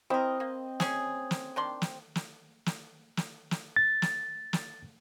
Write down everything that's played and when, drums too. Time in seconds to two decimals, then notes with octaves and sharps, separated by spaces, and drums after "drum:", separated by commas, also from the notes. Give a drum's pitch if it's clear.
0.10 C4 E4 A#4 D#5
0.40 A#3
0.80 C#4 G#4, drum: snare
1.31 drum: snare
1.56 D#3 D4 C6
1.82 drum: snare
2.15 drum: snare
2.66 drum: snare
3.17 drum: snare
3.51 drum: snare
3.76 A6
4.02 drum: snare
4.53 drum: snare